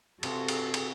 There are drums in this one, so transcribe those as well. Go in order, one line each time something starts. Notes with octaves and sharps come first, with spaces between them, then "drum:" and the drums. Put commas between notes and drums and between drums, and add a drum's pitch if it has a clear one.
C3 F4 F#4 G#4 A4, drum: cymbal
drum: cymbal
drum: cymbal